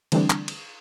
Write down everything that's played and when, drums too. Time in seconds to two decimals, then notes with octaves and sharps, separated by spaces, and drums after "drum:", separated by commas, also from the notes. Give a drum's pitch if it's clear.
0.12 D3 E3 G3 A3 C4 D4, drum: cymbal
0.30 drum: clap
0.48 drum: cymbal